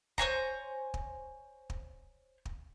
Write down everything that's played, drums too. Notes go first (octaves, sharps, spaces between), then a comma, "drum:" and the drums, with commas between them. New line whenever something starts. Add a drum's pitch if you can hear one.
C5 C#5 G#5 A#5, drum: kick
drum: kick
drum: kick
drum: kick